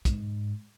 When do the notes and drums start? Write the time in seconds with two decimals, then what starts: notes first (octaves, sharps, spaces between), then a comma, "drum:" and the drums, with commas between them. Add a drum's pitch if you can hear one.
0.05 G#2, drum: kick, hi-hat